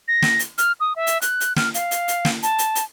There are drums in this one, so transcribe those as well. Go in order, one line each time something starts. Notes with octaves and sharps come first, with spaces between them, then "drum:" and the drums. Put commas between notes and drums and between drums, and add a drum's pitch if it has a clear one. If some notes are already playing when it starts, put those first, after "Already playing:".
A#6
drum: snare
drum: hi-hat
F6, drum: hi-hat
D#6
E5
drum: hi-hat
F#6, drum: hi-hat
drum: hi-hat
F6, drum: snare
F5, drum: hi-hat
drum: hi-hat
drum: hi-hat
drum: snare
A5, drum: hi-hat
drum: hi-hat
drum: hi-hat